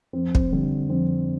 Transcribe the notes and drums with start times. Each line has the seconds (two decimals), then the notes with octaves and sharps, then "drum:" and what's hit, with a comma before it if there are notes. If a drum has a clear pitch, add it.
0.13 F2 C4
0.35 C4, drum: kick
0.52 D3 G3 C4
0.90 F2 C4